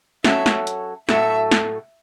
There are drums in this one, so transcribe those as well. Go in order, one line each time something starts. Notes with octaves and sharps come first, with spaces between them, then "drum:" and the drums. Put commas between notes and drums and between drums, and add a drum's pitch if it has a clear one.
F#3 C#4 F#4 A4 E5, drum: snare
drum: snare
drum: hi-hat
A2 F#3 A3 F#4 A4 E5, drum: snare
drum: snare